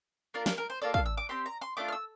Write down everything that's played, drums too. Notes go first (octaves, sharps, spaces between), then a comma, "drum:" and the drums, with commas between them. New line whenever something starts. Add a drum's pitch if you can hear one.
A#3 D4 F4 A#4
A#4, drum: snare
A#4
C5
A#3 F4 A4 D5
F5, drum: kick
E6
D6
C4 G4 C6
A#5
C6
A3 D4 F4 D6
F6
E6